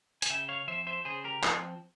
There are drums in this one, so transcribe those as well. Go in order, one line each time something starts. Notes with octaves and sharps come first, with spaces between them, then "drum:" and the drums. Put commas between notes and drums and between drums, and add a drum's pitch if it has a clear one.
G#5, drum: hi-hat
C#3 E5 G5
C#5 F5
F3 C4 C5 E5
C5 E5
C#3 G#4 C5
G4 A#4
F3 C4 F4, drum: clap